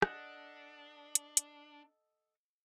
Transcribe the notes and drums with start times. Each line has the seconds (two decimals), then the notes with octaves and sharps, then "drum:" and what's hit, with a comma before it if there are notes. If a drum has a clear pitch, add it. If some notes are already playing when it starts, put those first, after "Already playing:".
0.02 D4 A4 D#5 F#5, drum: rim click
1.15 drum: hi-hat
1.37 drum: hi-hat